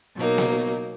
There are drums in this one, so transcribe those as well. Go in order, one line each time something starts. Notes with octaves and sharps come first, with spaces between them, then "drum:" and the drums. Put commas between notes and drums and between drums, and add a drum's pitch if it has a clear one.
B2 F#3 A#3 D#4
drum: snare B3